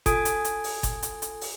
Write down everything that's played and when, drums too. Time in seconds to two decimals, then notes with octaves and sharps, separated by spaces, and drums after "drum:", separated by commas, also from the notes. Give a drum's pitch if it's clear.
0.06 F4 A4 G#5 D#6 G#6 D7, drum: kick G1, hi-hat
0.25 drum: hi-hat
0.45 drum: hi-hat
0.64 drum: open hi-hat
0.83 drum: kick G1, hi-hat
1.03 drum: hi-hat
1.22 drum: hi-hat
1.41 drum: open hi-hat